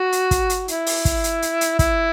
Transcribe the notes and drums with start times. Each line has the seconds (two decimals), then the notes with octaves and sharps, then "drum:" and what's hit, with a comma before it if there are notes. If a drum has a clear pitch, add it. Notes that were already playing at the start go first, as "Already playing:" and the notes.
Already playing: F#4
0.12 drum: hi-hat
0.31 drum: kick, hi-hat
0.50 drum: hi-hat
0.68 E4, drum: hi-hat
0.87 drum: open hi-hat
1.05 drum: kick, hi-hat
1.24 drum: hi-hat
1.42 drum: hi-hat
1.61 drum: hi-hat
1.79 E4, drum: kick, hi-hat